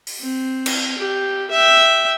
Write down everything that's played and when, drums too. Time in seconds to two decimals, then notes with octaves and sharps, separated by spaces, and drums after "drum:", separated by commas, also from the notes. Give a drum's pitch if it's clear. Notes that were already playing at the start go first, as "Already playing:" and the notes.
0.07 drum: open hi-hat
0.20 C4
0.66 drum: cymbal
0.98 G4
1.51 E5 G5